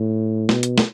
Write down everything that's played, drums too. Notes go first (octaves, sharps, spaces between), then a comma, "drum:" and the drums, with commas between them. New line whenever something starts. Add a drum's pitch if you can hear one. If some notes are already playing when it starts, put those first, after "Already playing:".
Already playing: A2
B2, drum: snare
drum: hi-hat
drum: snare